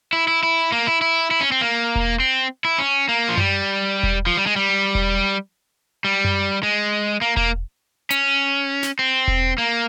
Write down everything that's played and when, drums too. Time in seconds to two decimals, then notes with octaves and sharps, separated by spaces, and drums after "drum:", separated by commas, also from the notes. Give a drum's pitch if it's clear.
0.13 E4
0.28 E4
0.43 E4
0.72 A#3
0.87 E4
1.01 E4
1.31 E4
1.41 C#4
1.52 C4
1.61 A#3
1.96 drum: kick E1
2.20 C4
2.65 E4
2.78 C#4
3.09 A#3
3.29 F3
3.38 G3, drum: tom F#2
4.03 drum: kick E1
4.27 F3
4.37 G3
4.47 G#3
4.56 G3
4.95 drum: kick E1
6.05 G3
6.25 drum: tom F#2
6.63 G#3
7.21 A#3
7.37 A#3, drum: kick E1
8.11 C#4, drum: hi-hat
8.83 drum: snare
8.99 C4
9.28 drum: kick E1
9.58 A#3